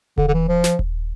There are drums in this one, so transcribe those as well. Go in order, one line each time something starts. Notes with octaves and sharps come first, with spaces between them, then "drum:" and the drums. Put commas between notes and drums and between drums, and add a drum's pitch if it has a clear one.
D3, drum: kick D#1
D3
E3
F3
drum: snare
drum: kick D#1